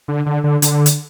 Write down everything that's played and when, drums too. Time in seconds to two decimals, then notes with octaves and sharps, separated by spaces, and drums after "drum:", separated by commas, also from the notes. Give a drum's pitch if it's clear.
0.08 D3
0.26 D3
0.44 D3
0.62 D3, drum: hi-hat
0.86 drum: hi-hat